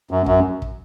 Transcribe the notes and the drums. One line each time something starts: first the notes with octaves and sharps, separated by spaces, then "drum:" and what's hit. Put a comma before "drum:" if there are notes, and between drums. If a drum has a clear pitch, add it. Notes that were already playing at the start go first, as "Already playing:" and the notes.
F#2
F#2, drum: kick
drum: kick